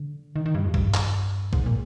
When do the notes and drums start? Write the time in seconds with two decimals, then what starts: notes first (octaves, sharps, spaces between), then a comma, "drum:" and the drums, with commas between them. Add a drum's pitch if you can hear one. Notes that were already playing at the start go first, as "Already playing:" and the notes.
Already playing: D3
0.36 D#3
0.46 D#3
0.55 G2
0.65 F2
0.74 G2, drum: kick
0.94 drum: clap
1.53 G#2, drum: kick
1.66 A#2